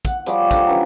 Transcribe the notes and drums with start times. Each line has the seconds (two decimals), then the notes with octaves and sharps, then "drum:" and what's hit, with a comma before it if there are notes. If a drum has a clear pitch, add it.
0.05 F#5, drum: kick, hi-hat
0.26 F3 G3 G#4 C#5, drum: hi-hat
0.51 D3 D4, drum: kick, hi-hat
0.67 E3 C#4 G5 A#5